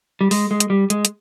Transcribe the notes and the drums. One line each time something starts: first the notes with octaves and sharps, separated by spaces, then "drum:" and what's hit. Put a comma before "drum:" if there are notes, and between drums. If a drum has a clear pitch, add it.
G3
G#3, drum: open hi-hat
G#3
drum: hi-hat
G3
G#3, drum: hi-hat
drum: hi-hat